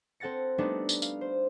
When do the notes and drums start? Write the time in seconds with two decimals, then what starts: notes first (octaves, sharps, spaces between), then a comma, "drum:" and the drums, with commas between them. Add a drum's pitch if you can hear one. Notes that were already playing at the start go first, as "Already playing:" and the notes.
0.20 C4 A4 F#5 A6 A#6 C#7
0.58 G3 A3 B3 D4 D#4
0.89 drum: tambourine
1.02 F5, drum: tambourine
1.21 C5